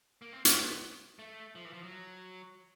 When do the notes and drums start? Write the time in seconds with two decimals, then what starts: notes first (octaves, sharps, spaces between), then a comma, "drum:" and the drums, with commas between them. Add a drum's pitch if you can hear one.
0.22 A#3
0.33 C4
0.45 B3, drum: hi-hat
1.19 A3
1.55 F3
1.65 E3
1.73 F3
1.83 F#3